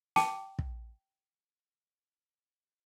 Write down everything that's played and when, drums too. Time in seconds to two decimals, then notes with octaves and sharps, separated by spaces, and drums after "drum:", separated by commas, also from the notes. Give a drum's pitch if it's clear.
0.16 G5 A5 D6, drum: snare
0.59 drum: kick